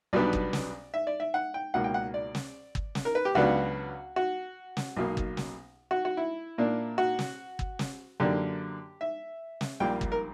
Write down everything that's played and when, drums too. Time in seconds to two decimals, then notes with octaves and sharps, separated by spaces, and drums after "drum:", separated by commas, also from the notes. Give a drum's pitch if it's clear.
0.13 B1 B2 G3 B3 D4 D5
0.33 drum: kick
0.53 drum: snare
0.94 E5
1.07 D5
1.20 E5
1.34 F#5
1.54 G5
1.74 C#2 B2 A#3 F#5
1.84 G5
1.94 F#5
2.14 D5
2.35 drum: snare
2.75 drum: kick
2.95 drum: snare
3.05 A#4
3.15 B4
3.25 G4
3.35 C#2 C#3 F#3 B3 D4 F#4
4.16 F#4
4.77 drum: snare
4.97 B1 B2 A#3
5.17 drum: kick
5.37 drum: snare
5.91 F#4
6.05 F#4
6.17 E4
6.58 A#2 A#3 D4
6.98 F#4
7.19 drum: snare
7.59 drum: kick
7.79 drum: snare
8.20 F#2 D3 A#3 D4 G4
9.01 E5
9.61 drum: snare
9.80 A#1 A#2 G3 A#3 G5
10.01 drum: kick
10.12 A#4